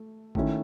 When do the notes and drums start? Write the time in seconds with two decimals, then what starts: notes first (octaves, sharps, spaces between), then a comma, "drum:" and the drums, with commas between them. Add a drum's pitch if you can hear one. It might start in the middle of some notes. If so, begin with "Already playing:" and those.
Already playing: A3
0.35 D#3 A3 C#4 E4, drum: kick G#1